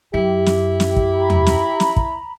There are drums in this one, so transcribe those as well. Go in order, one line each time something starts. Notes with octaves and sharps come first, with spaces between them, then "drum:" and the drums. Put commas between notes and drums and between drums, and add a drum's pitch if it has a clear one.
F#2 E4 G4
drum: snare
drum: snare
drum: kick
A#5 B5
drum: tom E2
drum: snare
drum: snare
drum: kick